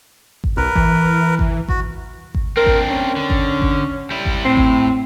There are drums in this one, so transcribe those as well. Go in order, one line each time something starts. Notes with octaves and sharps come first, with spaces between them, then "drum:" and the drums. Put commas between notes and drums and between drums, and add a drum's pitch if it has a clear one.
drum: kick G#1
C2 A#4 B4
E3, drum: kick G#1
drum: kick G#1
F#4, drum: kick G#1
drum: kick G#1
C4 D4 A#4
drum: kick G#1
C#4
D3
drum: kick G#1
drum: kick G#1
G3 E4
drum: kick G#1
A2 C4
drum: kick G#1